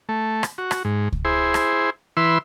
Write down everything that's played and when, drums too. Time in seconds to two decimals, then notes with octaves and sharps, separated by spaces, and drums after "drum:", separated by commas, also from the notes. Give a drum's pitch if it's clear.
0.09 A3
0.43 drum: rim click
0.58 F#4
0.71 drum: rim click
0.85 G#2
1.12 drum: kick C#2
1.25 E4 G#4 C5
1.54 drum: rim click
2.17 E3 E4 B4 C6 E6